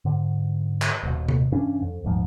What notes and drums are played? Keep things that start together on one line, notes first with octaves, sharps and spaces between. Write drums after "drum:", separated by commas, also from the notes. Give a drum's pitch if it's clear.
G#2 D3
drum: clap
D#1 B2
drum: tom C3
G2 E3 C#4 D4
F2
D#1 G#2 F3